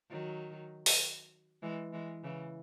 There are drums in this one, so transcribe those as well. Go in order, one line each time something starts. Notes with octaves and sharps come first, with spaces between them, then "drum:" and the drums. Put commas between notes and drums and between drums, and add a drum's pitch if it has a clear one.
D#3 F#3
drum: open hi-hat
E3 G#3
E3 G#3
C#3 E3